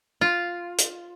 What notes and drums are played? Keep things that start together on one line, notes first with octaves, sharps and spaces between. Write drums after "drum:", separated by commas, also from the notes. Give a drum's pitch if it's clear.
F4
drum: hi-hat